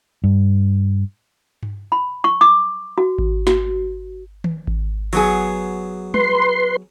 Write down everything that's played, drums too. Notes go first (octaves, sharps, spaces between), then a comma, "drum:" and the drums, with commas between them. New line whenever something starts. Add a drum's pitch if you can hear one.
G2
drum: tom G2
B5
C#6
D6
F#4
drum: kick G#1
F#4, drum: snare
drum: tom D#3
drum: kick G#1
F#3 B3 G#4, drum: cymbal
B4 C6, drum: tom G3